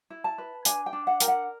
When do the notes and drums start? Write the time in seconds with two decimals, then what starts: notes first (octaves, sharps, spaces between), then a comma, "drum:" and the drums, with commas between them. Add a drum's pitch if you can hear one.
0.10 E4
0.24 A5
0.38 B4
0.65 D4 G#5, drum: hi-hat
0.86 G5
0.93 D4
1.07 F#5
1.20 A#4 G5, drum: hi-hat
1.28 F#5